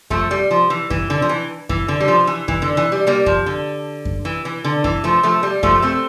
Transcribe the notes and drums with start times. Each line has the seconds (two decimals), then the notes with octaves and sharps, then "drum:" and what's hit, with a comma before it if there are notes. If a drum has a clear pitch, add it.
0.10 F3 A3, drum: kick F#2
0.31 G3
0.51 F3
0.70 E3
0.90 E3, drum: kick F#2
1.10 D3
1.22 F3
1.29 E3
1.69 E3, drum: kick F#2
1.88 D3
2.00 G3
2.08 F3
2.27 E3
2.48 E3, drum: kick F#2
2.62 D3
2.77 E3
2.92 G3
3.07 G3 A#3
3.26 F3, drum: kick F#2
3.46 D3
4.05 drum: kick F#2
4.25 E3
4.45 E3
4.65 D3
4.84 E3, drum: kick F#2
5.04 F3 A3
5.23 F3 A3
5.43 G3
5.63 F3 A3, drum: kick F#2
5.82 A3 C4